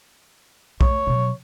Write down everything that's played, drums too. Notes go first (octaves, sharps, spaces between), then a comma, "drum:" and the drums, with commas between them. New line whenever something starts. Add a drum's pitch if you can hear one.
A3 C#5, drum: kick B1
B2 F#3